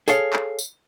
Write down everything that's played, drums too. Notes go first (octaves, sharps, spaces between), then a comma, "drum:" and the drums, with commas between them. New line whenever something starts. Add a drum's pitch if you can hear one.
G#4 A4 C#5 F5, drum: tambourine
drum: clap
drum: tambourine